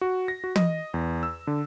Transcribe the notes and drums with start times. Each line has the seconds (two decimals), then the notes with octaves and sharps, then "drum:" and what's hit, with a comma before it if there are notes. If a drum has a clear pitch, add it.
0.01 F#4
0.28 A#6
0.44 F#4
0.56 D#5, drum: tom
0.94 E2
1.23 E6
1.47 D3